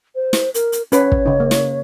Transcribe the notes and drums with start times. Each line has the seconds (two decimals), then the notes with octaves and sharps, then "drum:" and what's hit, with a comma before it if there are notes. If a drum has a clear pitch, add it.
0.15 C5
0.33 drum: snare
0.54 A#4, drum: hi-hat
0.72 drum: hi-hat
0.92 C#4 B4 C#5, drum: hi-hat
1.12 drum: kick
1.26 C#3 D#4
1.40 A#3
1.51 drum: snare